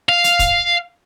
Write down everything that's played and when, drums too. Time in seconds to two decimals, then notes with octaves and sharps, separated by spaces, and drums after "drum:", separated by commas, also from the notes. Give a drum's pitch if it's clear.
0.09 F5
0.24 drum: hi-hat
0.39 drum: kick, hi-hat